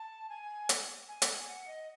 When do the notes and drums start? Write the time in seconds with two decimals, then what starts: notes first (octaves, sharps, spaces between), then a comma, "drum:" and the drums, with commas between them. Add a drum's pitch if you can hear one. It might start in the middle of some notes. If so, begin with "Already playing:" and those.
Already playing: A5
0.29 G#5
0.69 drum: hi-hat
1.08 G#5
1.22 drum: hi-hat
1.48 F#5
1.68 D#5